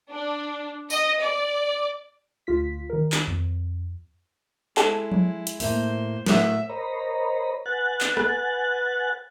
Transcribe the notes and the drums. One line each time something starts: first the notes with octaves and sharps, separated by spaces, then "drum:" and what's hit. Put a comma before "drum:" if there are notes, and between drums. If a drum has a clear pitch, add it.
D4
D#5, drum: tambourine
D5
D2 F4 B6
D#3 A#4
drum: clap
F2
G#3 E4 A4, drum: clap
drum: tom F3
drum: hi-hat
A2 A#3 C5 E5, drum: open hi-hat
A2 A#4 E5 F#5 D#6, drum: snare
A#4 C5 C#5 D#5 A#5 B5
B4 F#5 G#5 F#6 A6
drum: clap
drum: rim click